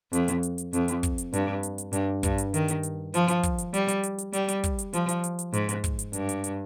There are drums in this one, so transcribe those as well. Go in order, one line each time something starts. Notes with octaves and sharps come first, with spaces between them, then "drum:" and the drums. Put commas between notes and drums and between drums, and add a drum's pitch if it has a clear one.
F2, drum: hi-hat
drum: hi-hat
drum: hi-hat
drum: hi-hat
F2, drum: hi-hat
drum: hi-hat
drum: kick, hi-hat
drum: hi-hat
G2, drum: hi-hat
drum: hi-hat
drum: hi-hat
G2, drum: hi-hat
G2, drum: kick, hi-hat
drum: hi-hat
D#3, drum: hi-hat
drum: hi-hat
drum: hi-hat
F3, drum: hi-hat
drum: hi-hat
drum: kick, hi-hat
drum: hi-hat
G3, drum: hi-hat
drum: hi-hat
drum: hi-hat
drum: hi-hat
G3, drum: hi-hat
drum: hi-hat
drum: kick, hi-hat
drum: hi-hat
F3, drum: hi-hat
drum: hi-hat
drum: hi-hat
drum: hi-hat
G#2, drum: hi-hat
drum: hi-hat
drum: kick, hi-hat
drum: hi-hat
G2, drum: hi-hat
drum: hi-hat
drum: hi-hat